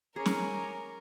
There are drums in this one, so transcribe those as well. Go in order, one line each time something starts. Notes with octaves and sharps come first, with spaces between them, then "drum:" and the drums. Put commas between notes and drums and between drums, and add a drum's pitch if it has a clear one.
C#4 G#4 A#4 A#5 D6
drum: snare